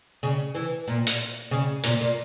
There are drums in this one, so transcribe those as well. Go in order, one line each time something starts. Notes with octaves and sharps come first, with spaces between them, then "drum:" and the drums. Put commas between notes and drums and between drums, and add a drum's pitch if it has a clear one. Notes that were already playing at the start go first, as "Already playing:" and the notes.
C#3
E3
A#2
drum: hi-hat
C#3
A#2, drum: hi-hat
A#2